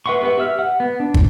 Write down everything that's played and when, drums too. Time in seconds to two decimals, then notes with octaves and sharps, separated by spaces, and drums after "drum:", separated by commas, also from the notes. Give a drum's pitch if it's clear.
0.06 B4 E5 F#5 C6 C#6
0.21 B3 G4 B4 E5 F#5
0.38 G4 E5 E6 F6
0.59 F#5
0.80 B3
1.00 D4
1.14 drum: kick